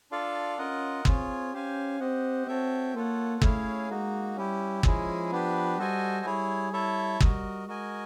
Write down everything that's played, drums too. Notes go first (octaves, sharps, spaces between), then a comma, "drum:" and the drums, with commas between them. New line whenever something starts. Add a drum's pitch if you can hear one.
D4 F4 A4 D5 F5
C#4 F4 A#4 D#5 F#5
C4 F4 G#4 C#5, drum: kick
C#4 G4 C5 F5 G#5
C4 G4 C5 D#5 F#5
C4 F#4 A4 C#5 E5 G5
A#3 F4 A4 C#5 F#5
A3 C#4 E4 G#4 C#5 F5, drum: kick
G#3 A#3 D#4 F#4
G3 C#4 E4 G4
F3 G#3 C#4 E4 G#4, drum: kick
B3 D4 G4 B4
G3 F#4 A4 C5 D#5 G#5
G3 E4 G#4 C#5
E4 A4 C#5 E5
G3 F#4 A#4 D#5, drum: kick
G#3 F#4 A#4 D#5 G#5